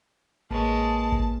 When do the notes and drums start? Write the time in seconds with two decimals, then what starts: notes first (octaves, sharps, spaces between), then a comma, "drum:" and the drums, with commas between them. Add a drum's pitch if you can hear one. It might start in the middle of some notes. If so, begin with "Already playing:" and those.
0.51 A1 G#3 A#3 B4 C#5 A5
1.12 drum: kick